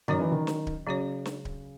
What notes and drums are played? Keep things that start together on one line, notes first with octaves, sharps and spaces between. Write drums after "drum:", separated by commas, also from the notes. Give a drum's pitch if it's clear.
D#3 F#3 C#4 F#4 C#5, drum: tom F#2
E3
D#3
drum: snare
drum: kick D1
C#3 F#3 C#4 F#4 C#5
drum: snare
drum: kick D1